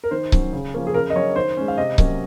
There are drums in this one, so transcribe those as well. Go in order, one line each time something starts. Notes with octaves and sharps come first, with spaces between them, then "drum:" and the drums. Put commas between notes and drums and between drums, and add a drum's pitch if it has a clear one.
A#4
D#3 C5
F#3 C#4, drum: kick C#1
C#3
F3 A#3 C#4
G#4
C#3 A#4
D#5
F#3 C#4 C#5
D#3 C5
G#3 C#4
F5
C3 D#5
F#3 A#3 C#4, drum: kick C#1